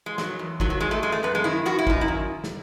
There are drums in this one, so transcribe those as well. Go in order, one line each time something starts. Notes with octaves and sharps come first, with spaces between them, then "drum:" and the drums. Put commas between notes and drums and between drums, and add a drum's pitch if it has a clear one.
G#3
D#3 F#3, drum: snare
E2
D#3 F#3, drum: kick
F#3
D#3 G#3
A3
F#2 G#3
A3
F#2 B3
G#3
D#3 E4
F#2 F#4
E4
F#2 D#4, drum: kick
E4
D#3
drum: snare